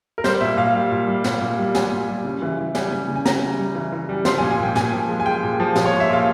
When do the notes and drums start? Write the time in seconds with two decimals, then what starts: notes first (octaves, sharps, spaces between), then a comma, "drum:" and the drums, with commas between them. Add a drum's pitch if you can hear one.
0.18 A#4
0.24 G3 C5, drum: snare
0.41 A#2 E5
0.57 A#2 F5
0.75 G3
0.91 A#2
1.07 G3
1.24 A#2, drum: snare
1.41 A#2
1.59 G3
1.75 G3 G#5, drum: snare
1.91 A#2
2.09 G3
2.25 C#3
2.42 E3
2.58 E3
2.75 G3 G#5, drum: snare
2.91 C#3
3.08 C#3
3.16 G#5
3.25 C#3 A#5, drum: snare
3.43 G3
3.59 G3
3.75 E3
3.93 E3
4.09 G3
4.25 F3 C6, drum: snare
4.38 G#5
4.42 A#2
4.51 G#5
4.59 A#2 G5
4.75 A#2 G#5, drum: snare
4.93 F3
5.09 G#3
5.20 G#5
5.26 G#3 G5
5.43 A#2
5.60 F3
5.75 A#2, drum: snare
5.86 C#5
5.93 G#3
6.00 E5
6.10 A#2 F5